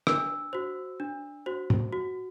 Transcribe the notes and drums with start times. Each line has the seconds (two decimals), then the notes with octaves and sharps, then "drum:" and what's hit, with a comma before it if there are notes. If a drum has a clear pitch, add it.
0.07 D4 E6, drum: rim click
0.53 F#4 C5
1.00 D4
1.46 F#4 C5
1.70 drum: tom
1.93 F#4